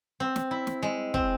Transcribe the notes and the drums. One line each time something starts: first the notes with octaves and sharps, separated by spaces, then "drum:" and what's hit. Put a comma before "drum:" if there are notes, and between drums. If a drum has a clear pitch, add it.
C4
drum: snare
E4
drum: snare
G#3
C4, drum: kick